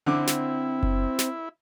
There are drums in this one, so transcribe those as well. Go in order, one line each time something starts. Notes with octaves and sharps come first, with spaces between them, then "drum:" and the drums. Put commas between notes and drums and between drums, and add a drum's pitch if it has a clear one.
D3 C4 E4 D6
drum: snare
drum: kick F#1
drum: snare